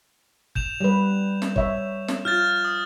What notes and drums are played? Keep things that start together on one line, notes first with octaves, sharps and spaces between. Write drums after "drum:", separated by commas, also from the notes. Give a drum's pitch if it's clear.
G6 E7 F7, drum: kick
G3 B4
drum: snare
C#5 E5, drum: kick
drum: snare
F4 F6 G6 A6
D#6